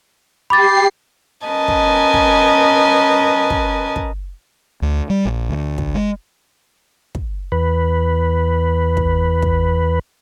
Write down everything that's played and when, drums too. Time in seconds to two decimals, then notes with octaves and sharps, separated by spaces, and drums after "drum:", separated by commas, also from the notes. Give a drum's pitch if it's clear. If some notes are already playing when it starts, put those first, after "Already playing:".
0.50 G4 B5 D6 A6 C7
1.47 C#4 A#4 B4 D#5 G#5 A5
1.68 drum: kick
2.14 drum: kick
3.50 drum: kick
3.96 drum: kick
4.82 D2
5.10 G3
5.25 A#1
5.49 D2
5.78 drum: kick
5.95 G#3
7.15 drum: kick
7.52 E2 B4
8.97 drum: kick
9.42 drum: kick